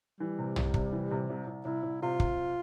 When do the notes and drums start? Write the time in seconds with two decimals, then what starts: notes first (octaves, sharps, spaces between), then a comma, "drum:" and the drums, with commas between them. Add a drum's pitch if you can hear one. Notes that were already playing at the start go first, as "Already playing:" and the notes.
0.20 E3 G3
0.39 C3
0.56 C2, drum: tom
0.74 C3, drum: kick
0.92 E3
1.11 C3
1.30 C2
1.47 C2
1.65 C2 E4
1.83 C2
2.02 C3 F4
2.20 C3, drum: kick